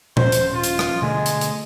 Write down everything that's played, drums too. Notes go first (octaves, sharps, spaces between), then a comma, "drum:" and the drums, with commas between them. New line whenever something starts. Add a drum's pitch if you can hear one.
D#1 F3 C#4 C5, drum: tom A#2
drum: hi-hat
F4
drum: hi-hat
drum: rim click
B2 D3 G#3 A3
drum: hi-hat
drum: hi-hat